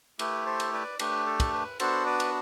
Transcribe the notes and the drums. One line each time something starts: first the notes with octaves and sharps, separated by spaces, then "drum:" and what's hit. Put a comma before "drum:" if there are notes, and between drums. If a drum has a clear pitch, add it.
A3 E4 G4 B4, drum: cymbal
A4 C5
drum: cymbal
B4 D5
A3 D4 G4 B4, drum: cymbal
A4
drum: kick, cymbal
B4
B3 D4 F#4 A4 C5, drum: cymbal
B4 D5
drum: cymbal